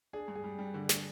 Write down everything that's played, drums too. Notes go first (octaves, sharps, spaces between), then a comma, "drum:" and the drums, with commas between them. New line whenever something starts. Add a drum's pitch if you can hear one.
D4 G#4
G2
G#4
G3
G3
D3
D4, drum: snare